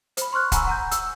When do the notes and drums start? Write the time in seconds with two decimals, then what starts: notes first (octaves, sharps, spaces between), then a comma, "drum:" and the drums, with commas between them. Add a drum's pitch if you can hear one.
0.17 C5 B5, drum: hi-hat
0.33 C6 C#6 F6 F#6
0.52 F#5 G#5 A#5 B5 C#6 E6, drum: kick, hi-hat
0.67 F#5 A#5 G6
0.91 E6, drum: hi-hat